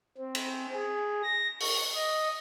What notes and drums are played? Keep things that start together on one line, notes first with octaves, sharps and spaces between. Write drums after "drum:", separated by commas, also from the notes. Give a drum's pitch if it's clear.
C4
drum: cymbal
G#4
A#6
C#6, drum: open hi-hat
D#5